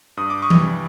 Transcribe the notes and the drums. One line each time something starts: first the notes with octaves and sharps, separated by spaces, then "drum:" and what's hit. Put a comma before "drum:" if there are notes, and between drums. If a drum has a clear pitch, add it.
G2 D#6
D6
C#6 D#6
E3 G3, drum: tom E3